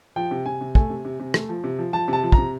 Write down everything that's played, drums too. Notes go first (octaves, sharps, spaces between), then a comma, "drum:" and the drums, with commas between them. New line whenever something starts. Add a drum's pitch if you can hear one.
F3 G5
C3
C3 G#5
C3
A3 G#5, drum: kick
C3
C3
C3
A3, drum: rim click
F3
C3
F3
F3 A5
C3 A5
F3
A#5, drum: kick
C3